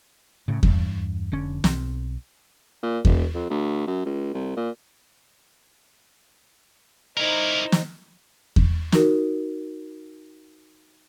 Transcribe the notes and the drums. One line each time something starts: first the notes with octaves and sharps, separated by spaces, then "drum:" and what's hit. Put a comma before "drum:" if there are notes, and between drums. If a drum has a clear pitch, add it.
A2 C#3
E2 G2, drum: kick E2
F1 D3 C#4
B1 C4, drum: snare
A#2
E1, drum: kick E2
F2
D2
F#2
C#2
C2
A#2
D#4 E4 A#4 C5
drum: snare
drum: kick E2
D#4 F#4 A#4, drum: snare